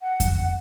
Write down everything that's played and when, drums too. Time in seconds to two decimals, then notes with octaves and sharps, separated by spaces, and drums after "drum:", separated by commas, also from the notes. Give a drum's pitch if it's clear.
0.01 F#5
0.20 drum: kick F2, hi-hat